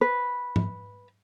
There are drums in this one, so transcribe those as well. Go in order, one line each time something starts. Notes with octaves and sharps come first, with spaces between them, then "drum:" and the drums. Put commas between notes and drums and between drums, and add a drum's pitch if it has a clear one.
B4
drum: tom G#2